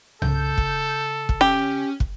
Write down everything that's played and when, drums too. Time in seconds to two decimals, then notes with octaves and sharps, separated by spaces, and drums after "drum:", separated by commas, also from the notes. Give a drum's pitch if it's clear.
0.22 C#3 A4 G6, drum: tom C2
0.58 drum: kick
1.29 drum: kick
1.41 C#4 G4
2.00 drum: kick